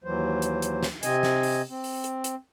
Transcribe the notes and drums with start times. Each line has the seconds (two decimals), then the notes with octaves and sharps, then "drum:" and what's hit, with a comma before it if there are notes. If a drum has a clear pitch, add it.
0.04 D#2 E3 F#3 C5
0.42 drum: hi-hat
0.62 drum: hi-hat
0.83 drum: snare
1.03 C3 C4 D#5 G#5, drum: hi-hat
1.23 drum: snare
1.43 drum: open hi-hat
1.69 C4
1.84 drum: open hi-hat
2.04 drum: hi-hat
2.24 drum: hi-hat